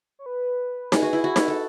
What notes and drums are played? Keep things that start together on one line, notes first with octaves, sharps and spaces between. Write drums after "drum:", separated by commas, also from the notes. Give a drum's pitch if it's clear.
C#5
B4
G#4, drum: snare D#4
F#4
E4
F#4
drum: snare D#4
A4 B4